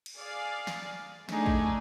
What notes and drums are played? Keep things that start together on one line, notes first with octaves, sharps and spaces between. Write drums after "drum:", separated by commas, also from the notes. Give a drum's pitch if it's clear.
drum: cymbal
G#4 D5 F5
drum: snare
A3 D4 D#4 G#4, drum: snare
drum: kick